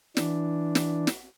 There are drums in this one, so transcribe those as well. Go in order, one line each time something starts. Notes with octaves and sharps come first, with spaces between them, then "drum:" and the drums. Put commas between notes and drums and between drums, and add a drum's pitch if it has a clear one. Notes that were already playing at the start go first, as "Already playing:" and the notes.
E3 D4, drum: snare
drum: snare
drum: snare